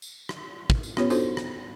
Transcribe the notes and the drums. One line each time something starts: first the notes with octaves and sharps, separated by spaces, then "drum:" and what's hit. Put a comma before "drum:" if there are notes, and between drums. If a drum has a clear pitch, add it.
drum: tambourine
drum: rim click
drum: kick
drum: tambourine
B3 C#4 F4 G4 B4 C#5, drum: rim click
D4 D#4 F4 F#4 A4 C5, drum: tambourine
drum: rim click